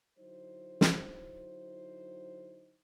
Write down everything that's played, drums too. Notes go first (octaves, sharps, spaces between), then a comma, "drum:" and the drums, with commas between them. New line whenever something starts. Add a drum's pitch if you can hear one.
D3 F#3 D#4 E4 C5
drum: snare